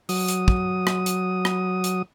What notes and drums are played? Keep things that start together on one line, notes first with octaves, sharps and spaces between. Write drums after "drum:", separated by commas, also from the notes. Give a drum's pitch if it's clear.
F#3 D#6, drum: open hi-hat
drum: hi-hat
drum: kick
drum: rim click
drum: hi-hat
drum: rim click
drum: hi-hat